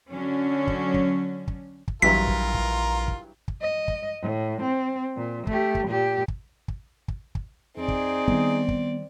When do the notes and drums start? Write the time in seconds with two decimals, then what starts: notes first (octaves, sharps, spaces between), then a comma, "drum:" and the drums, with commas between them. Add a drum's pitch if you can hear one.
0.11 D3 F#3 C#4
0.67 drum: kick
0.94 drum: kick
1.48 drum: kick
1.88 drum: kick
2.02 A#1 G2 E3 F#3 F4 A#4 B6
2.28 drum: kick
2.54 drum: kick
3.08 drum: kick
3.48 drum: kick
3.61 D#5
3.88 drum: kick
4.21 A2
4.62 C4
5.16 A#2
5.47 A3 G4, drum: kick
5.75 drum: kick
5.88 A#2 G4
6.28 drum: kick
6.68 drum: kick
7.08 drum: kick
7.35 drum: kick
7.77 F2 C4 D#4 G#4 D5
7.88 drum: kick
8.28 D#3 G3 B3, drum: kick
8.68 drum: kick